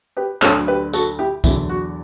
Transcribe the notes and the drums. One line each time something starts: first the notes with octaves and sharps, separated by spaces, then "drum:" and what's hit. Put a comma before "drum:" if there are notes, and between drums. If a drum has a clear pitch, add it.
G4 B4
D2 D3 F#3 A4 C#5, drum: clap
G4 B4
F#4 A4, drum: tambourine
E4 G4
E2 D3 F#3 E4, drum: kick, tambourine
F#4